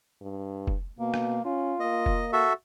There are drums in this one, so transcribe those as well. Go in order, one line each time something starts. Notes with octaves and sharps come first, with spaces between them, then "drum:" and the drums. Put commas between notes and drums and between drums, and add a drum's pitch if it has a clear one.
G2
drum: kick F1
B2 A#3
drum: rim click
C#4 F4
A#3 D#5
drum: kick F1
F#4 A4 E5